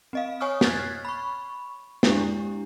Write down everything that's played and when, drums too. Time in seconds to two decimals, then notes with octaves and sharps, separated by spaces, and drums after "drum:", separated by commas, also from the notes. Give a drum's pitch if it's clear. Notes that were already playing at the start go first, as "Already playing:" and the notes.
0.13 C4 D#5 F5
0.40 C#5 G#5 C#6 D#6 F6
0.61 F6 F#6 G#6 A6 B6 C7, drum: snare
1.05 B5 C#6
2.03 G#3 D4 E4 G4, drum: snare